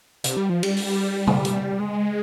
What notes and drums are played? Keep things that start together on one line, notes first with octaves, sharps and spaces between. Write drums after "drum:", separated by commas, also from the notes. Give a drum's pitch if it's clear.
C3, drum: hi-hat
G3
F3
G3, drum: cymbal
drum: open hi-hat
drum: tom B2
drum: hi-hat
G#3